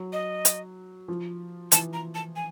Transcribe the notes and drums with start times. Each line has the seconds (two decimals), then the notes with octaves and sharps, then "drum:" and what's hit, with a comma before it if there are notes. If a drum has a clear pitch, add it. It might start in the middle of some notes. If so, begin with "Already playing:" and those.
Already playing: F#3
0.13 D#5
0.45 drum: hi-hat
1.08 F3
1.72 E3 A5, drum: hi-hat
1.93 A#5
2.15 A5
2.36 G#5